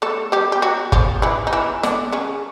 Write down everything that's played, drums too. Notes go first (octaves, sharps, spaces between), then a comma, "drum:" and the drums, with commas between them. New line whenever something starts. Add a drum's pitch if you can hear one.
A3 A4
G3 G4
G4
F#3 F#4
F3 F4, drum: kick G1
E3 E4
D#4
E3 E4
D3 D4, drum: snare
C#3 C#4